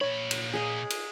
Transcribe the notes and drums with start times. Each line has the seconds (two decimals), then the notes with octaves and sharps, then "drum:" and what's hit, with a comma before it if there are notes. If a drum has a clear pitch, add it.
0.01 A#2 C#5 B5
0.31 drum: cymbal
0.54 G#4 D#5 A#5
0.90 drum: cymbal